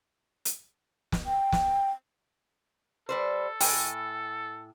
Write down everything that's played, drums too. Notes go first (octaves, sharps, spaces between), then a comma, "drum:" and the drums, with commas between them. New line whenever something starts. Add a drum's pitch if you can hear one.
drum: hi-hat
drum: snare
G5
drum: snare
G3 A4 B4 C5
A2 G5 G#5, drum: open hi-hat